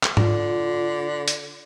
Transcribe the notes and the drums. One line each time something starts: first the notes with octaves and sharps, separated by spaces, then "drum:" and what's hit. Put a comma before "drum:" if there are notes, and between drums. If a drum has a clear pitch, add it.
drum: clap
D3 F4, drum: tom G#2
drum: hi-hat